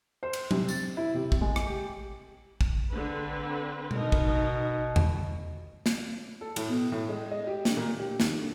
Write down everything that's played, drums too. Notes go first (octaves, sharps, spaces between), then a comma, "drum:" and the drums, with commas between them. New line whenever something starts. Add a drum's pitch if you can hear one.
C5
drum: cymbal
C3, drum: tom F#3
A6, drum: tambourine
E4
C3
drum: kick A1
G#3
drum: rim click
G4
drum: kick A1
D3 C4 B4
B2 D#4 A#4, drum: tom B2
drum: kick A1
drum: tom E2
drum: snare
A4
A2, drum: cymbal
B2
A2
G#3
D#5
G4
D3, drum: snare
A#2
G4
D#2, drum: snare
D3